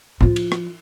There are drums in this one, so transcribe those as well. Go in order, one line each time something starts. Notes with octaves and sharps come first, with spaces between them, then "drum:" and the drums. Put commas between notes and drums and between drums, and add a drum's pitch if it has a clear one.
F3 F4, drum: tom A2
drum: cymbal
drum: rim click